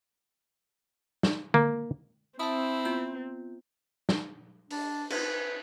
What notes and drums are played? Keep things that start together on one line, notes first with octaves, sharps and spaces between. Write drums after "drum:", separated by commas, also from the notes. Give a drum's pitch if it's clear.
drum: snare
A#3, drum: tom D3
C4 E4 E5 A5 D#6
B3 F4 G6
drum: snare
D4, drum: open hi-hat
B4, drum: cymbal